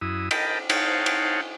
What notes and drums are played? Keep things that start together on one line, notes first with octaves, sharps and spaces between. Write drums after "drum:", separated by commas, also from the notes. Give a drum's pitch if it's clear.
F#2 E4 D#6
A#4 D#5 G5 A5 B5, drum: cymbal
D#4 C5 C#5 F5 F#5 A5, drum: cymbal
drum: cymbal